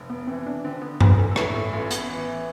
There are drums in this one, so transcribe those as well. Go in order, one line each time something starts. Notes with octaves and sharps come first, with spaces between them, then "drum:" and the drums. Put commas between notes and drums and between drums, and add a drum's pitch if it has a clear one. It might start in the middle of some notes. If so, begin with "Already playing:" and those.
Already playing: F1
B3
E3 C4
D4
D3 C4
B3
E2 B3, drum: tom G2
A4
A4
A2 B4, drum: rim click
A4
A1 F4
B3, drum: hi-hat
E3